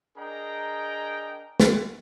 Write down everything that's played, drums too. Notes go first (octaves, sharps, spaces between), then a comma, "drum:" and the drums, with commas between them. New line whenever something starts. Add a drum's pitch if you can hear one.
D4 G#4 A#4 D#5 G5 A#5
drum: snare